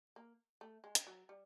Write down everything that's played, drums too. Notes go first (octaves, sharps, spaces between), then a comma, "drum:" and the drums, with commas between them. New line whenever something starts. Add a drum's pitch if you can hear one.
A#3
A3
G#3
drum: hi-hat
F#3
G3